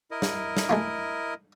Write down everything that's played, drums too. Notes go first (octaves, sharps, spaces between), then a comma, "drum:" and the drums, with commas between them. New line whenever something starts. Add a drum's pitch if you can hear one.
E4 A#4 D#5
drum: snare
drum: snare
G#3 A3 F4